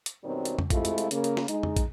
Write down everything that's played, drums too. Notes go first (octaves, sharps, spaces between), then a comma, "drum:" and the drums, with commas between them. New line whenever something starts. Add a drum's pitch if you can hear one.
drum: hi-hat
F#2 B2 D#3 F#3 G3 C4
drum: hi-hat
drum: tom F2
C3 G#3 A3 E4 F4, drum: kick, hi-hat
drum: hi-hat
drum: hi-hat
C#3 A#3, drum: hi-hat
drum: hi-hat
drum: snare
G#3 D#4, drum: hi-hat
drum: tom F2
drum: kick, hi-hat